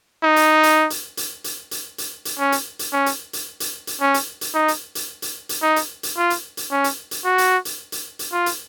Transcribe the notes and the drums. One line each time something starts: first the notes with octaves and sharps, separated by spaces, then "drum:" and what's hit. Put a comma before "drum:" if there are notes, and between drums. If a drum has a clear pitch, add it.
D#4
drum: hi-hat
drum: hi-hat
drum: hi-hat
drum: hi-hat
drum: hi-hat
drum: hi-hat
drum: hi-hat
drum: hi-hat
C#4
drum: hi-hat
drum: hi-hat
C#4
drum: hi-hat
drum: hi-hat
drum: hi-hat
drum: hi-hat
C#4
drum: hi-hat
drum: hi-hat
D#4
drum: hi-hat
drum: hi-hat
drum: hi-hat
drum: hi-hat
D#4
drum: hi-hat
drum: hi-hat
F4
drum: hi-hat
drum: hi-hat
C#4
drum: hi-hat
drum: hi-hat
F#4
drum: hi-hat
drum: hi-hat
drum: hi-hat
drum: hi-hat
F4
drum: hi-hat